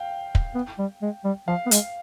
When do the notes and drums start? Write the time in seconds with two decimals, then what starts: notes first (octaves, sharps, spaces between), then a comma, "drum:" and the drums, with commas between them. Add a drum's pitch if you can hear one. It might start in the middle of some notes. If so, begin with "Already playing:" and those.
Already playing: F5 G5
0.35 drum: kick
0.55 B3
0.79 G3
1.02 G#3
1.25 G3
1.48 F3 F5
1.66 B3
1.71 G#3, drum: hi-hat